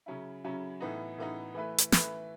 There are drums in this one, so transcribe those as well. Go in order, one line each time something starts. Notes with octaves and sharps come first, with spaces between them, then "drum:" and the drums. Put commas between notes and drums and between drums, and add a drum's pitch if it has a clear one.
C#3 F#3 C#4 E4
C#3 F#3 C#4 E4
A2 E3 B3 D#4
A2 E3 B3 D#4
E3 A3 E4 B4
drum: hi-hat
E3 A3 E4 B4, drum: snare